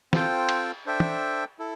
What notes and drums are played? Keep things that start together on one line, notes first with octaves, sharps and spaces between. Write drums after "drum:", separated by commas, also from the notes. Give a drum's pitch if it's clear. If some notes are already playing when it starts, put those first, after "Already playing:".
C4 F4 A4 C5 G5, drum: snare
drum: cymbal
D4 A4 C5 E5 G5
drum: tom
E4 A4